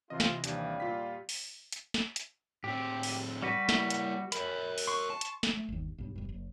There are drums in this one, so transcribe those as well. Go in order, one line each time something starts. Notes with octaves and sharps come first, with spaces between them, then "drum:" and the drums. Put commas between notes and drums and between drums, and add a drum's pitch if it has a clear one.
C3 E3 F4 D#5
drum: snare
D#2 G3 D4 F5, drum: hi-hat
A#2 F4 B6
drum: open hi-hat
drum: hi-hat
drum: snare
drum: hi-hat
A2 C4 G4
drum: open hi-hat
G3 F#4 B4
A#3 E4, drum: snare
drum: hi-hat
A#4 C#5 B5, drum: hi-hat
drum: open hi-hat
C6 C#6
A5
drum: hi-hat
drum: snare
A3
G1 D#2
B1 G2
E1 G2
F#1